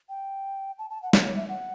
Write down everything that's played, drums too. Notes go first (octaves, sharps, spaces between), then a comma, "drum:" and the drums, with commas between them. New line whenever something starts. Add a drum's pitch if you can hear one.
G5
A5
A5
F#5
C#5, drum: snare G3
C#5
E5
F#5